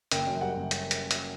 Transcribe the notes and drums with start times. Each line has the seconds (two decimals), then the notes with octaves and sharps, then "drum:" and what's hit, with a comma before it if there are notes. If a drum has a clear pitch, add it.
0.11 F#1 G5, drum: hi-hat
0.27 F#2
0.41 G3 F#5
0.57 F#1
0.71 drum: hi-hat
0.91 drum: hi-hat
1.11 drum: hi-hat